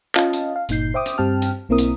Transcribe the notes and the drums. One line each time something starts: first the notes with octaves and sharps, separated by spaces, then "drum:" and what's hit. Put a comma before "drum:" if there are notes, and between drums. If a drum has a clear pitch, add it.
C#4 F4 D#5 F5 A5, drum: clap
drum: hi-hat
F5
G1 A#2 D#4 G6 C7, drum: hi-hat
C5 E5 G5 D6 D#6
drum: hi-hat
G2 C4 G4 G5 A5 F6
drum: hi-hat
B1 A#3 C4 E4 A#4 D#6
drum: hi-hat